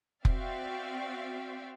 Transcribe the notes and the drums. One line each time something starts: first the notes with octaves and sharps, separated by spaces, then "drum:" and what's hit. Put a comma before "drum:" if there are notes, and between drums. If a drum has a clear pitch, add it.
C4 F#4 D5 E5 F5 G5, drum: kick F1